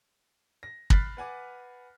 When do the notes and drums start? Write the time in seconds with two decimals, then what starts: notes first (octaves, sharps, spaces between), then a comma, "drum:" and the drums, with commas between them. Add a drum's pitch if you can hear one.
0.63 A#6
0.90 B5 F6 F#6 A6 B6 C7, drum: kick
1.17 B4 F#5 G#5 D6